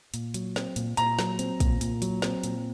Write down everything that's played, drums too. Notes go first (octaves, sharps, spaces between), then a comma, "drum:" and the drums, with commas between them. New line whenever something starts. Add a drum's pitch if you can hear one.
A#2, drum: hi-hat
F#3, drum: hi-hat
C4, drum: snare
A#2, drum: hi-hat
A#2 A#5, drum: hi-hat
F#3, drum: snare
C4, drum: hi-hat
A#2, drum: kick, hi-hat
A#2, drum: hi-hat
F#3, drum: hi-hat
C4, drum: snare
A#2, drum: hi-hat